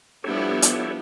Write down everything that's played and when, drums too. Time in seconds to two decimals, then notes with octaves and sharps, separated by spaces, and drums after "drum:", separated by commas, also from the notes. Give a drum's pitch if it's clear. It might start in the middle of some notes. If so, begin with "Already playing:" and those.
0.24 F3 G3 B3 D4 E4 G4 A4 C#5
0.62 drum: hi-hat